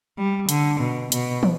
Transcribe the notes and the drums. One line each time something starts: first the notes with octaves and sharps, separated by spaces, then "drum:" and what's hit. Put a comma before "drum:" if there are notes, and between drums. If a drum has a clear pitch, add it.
G3
D3, drum: hi-hat
B2
B2, drum: hi-hat
drum: tom